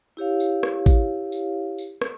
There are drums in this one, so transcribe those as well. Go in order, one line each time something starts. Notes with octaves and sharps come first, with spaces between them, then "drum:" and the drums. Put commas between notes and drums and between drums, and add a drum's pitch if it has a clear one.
E4 G4 C#5 F5
drum: tambourine
drum: rim click
drum: kick A1, tambourine
drum: tambourine
drum: tambourine
drum: rim click